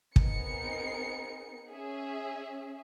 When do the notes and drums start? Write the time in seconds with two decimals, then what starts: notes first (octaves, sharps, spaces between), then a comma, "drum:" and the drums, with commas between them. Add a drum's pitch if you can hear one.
0.16 B3 C4 D#4 G#4 A#4 C#7, drum: kick
1.70 C#4 G#4 E5